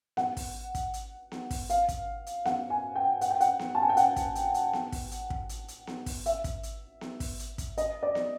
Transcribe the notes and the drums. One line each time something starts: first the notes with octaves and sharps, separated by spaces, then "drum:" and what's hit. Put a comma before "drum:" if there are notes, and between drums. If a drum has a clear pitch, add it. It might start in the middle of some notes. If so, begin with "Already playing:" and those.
F#5, drum: snare B3
drum: kick, open hi-hat
drum: kick, hi-hat
drum: hi-hat
drum: snare B3
drum: kick, open hi-hat
F5, drum: hi-hat
drum: kick, hi-hat
drum: hi-hat
F#5, drum: snare B3
G#5
G5
F#5, drum: hi-hat
G5
F#5, drum: hi-hat
drum: snare B3
A5
G#5
G5
F#5, drum: hi-hat
drum: kick, hi-hat
drum: hi-hat
drum: hi-hat
drum: snare B3
drum: kick, open hi-hat
drum: hi-hat
drum: kick
drum: hi-hat
drum: hi-hat
drum: snare B3
drum: kick, open hi-hat
E5, drum: hi-hat
drum: kick, hi-hat
drum: hi-hat
drum: snare B3
drum: kick, open hi-hat
drum: hi-hat
drum: kick, hi-hat
D#5, drum: hi-hat
D5
drum: snare B3